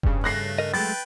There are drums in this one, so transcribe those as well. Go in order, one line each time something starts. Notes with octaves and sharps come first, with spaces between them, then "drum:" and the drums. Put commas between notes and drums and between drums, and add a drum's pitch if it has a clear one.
G2 C#3, drum: kick F1
A3 F#6 A#6 C7
A#4 D#5
F#3 G#3 A3 B4 G5 A6